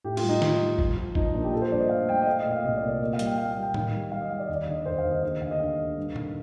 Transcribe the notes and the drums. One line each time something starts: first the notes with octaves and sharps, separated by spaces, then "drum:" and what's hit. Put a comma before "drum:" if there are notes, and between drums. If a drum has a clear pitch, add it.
A2 G4
F4, drum: cymbal
G3
D#4
G3 F4, drum: snare
G3
F3, drum: kick
F3
F3 D#4, drum: kick
A#2 D4
G4
F3 A4
C5
G2 D5
D#5
A3 F5
G2 G5
D#5
A3 F5
D#5
A#2
F5
C2 D#5
D5
A#2
D5
A#3 D#5
F5
G3, drum: hi-hat
G5
A#3 F5
F5
G3
G5
D#3 F5, drum: tom A2
G3
G3 F5
D#5
G3 F5
D5
D#2 D#5
D5
D3 D#5
D5
D#2 C5
F5
D#2
D#5
D3 D#5
D2 F5
D#5
D3 F5
D3
G2
D#3, drum: tom A#2